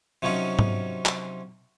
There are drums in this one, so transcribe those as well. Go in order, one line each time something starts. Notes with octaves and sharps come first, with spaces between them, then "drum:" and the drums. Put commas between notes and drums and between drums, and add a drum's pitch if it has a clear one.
C3 F3 F#3 C#4 D#4 F4
drum: tom G#2
drum: clap